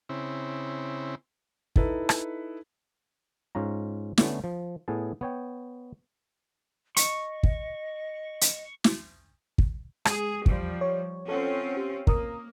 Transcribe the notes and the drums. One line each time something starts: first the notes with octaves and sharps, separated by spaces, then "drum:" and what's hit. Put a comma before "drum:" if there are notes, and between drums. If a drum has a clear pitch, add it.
C#3 C4 E4
D#4 E4 A4 B4, drum: kick
drum: rim click
G#2 C#4 F4 A#5
D3 A3 B3 C#4, drum: snare
F3
A2 B3 G#4 A5
B3 C#5 G5
D#5 C#6, drum: hi-hat
drum: kick
drum: hi-hat
drum: snare
drum: kick
G#3 G#4, drum: rim click
E2 F3 G3, drum: kick
C#5
C4 C#4 F4 A4 C#5 F#5
G4
A#3 A#4 A#5 D#6, drum: kick